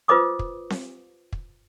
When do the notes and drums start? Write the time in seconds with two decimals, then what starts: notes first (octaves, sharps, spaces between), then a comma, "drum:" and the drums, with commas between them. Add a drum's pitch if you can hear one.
0.08 F4 B4 C5 D#5 D6 D#6
0.39 drum: kick
0.70 drum: snare C4
1.33 drum: kick